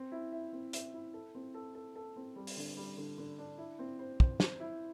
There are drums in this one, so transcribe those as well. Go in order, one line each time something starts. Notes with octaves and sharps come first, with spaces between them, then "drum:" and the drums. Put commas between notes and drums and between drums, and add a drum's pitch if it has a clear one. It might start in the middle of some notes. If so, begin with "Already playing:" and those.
Already playing: C4
E4
E5
C4
E5, drum: hi-hat
E4
A4
C4
A4
A4
A4
C4
G3
drum: open hi-hat
D3
G3
D3
D3
D4
E4
C4
C5
C5, drum: kick
C5, drum: snare
E4